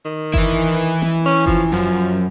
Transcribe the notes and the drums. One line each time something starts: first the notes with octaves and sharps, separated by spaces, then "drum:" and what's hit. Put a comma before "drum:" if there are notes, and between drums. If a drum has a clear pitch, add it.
D#3
E3 E4, drum: kick F#1
drum: snare
C#4
F3, drum: kick F#1
F#2 F3